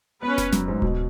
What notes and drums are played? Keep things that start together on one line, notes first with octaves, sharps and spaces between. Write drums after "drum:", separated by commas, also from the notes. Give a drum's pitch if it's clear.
B3 C#4 B4
drum: snare
F#2, drum: snare
G#2
B2, drum: kick D1